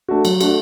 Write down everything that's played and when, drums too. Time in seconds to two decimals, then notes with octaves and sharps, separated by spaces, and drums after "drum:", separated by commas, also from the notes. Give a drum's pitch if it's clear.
0.08 A3 D4 F#4
0.25 F#3, drum: cymbal
0.41 A3 D4 F#4, drum: cymbal